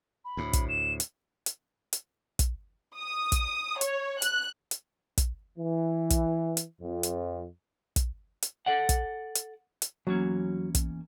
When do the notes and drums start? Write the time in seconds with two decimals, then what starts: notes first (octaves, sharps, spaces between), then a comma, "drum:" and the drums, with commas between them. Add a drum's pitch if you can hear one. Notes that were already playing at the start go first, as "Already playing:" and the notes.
0.25 B5
0.37 D2 A2
0.53 drum: kick, hi-hat
0.69 E7
1.00 drum: hi-hat
1.46 drum: hi-hat
1.93 drum: hi-hat
2.39 drum: kick, hi-hat
2.98 D#6
3.32 drum: kick, hi-hat
3.81 C#5, drum: hi-hat
4.22 F#6, drum: hi-hat
4.71 drum: hi-hat
5.18 drum: kick, hi-hat
5.59 E3
6.10 drum: kick, hi-hat
6.57 drum: hi-hat
6.80 F2
7.03 drum: hi-hat
7.96 drum: kick, hi-hat
8.42 drum: hi-hat
8.66 A4 D5 F#5
8.89 drum: kick, hi-hat
9.35 drum: hi-hat
9.82 drum: hi-hat
10.07 E2 F#3 A#3 C#4
10.75 drum: kick, hi-hat